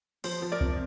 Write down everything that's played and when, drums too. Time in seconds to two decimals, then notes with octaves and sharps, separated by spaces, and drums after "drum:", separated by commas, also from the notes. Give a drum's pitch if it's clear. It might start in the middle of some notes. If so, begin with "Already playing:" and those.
0.24 F3 C5, drum: open hi-hat
0.42 F3
0.52 A#4 D5
0.61 C3, drum: kick C2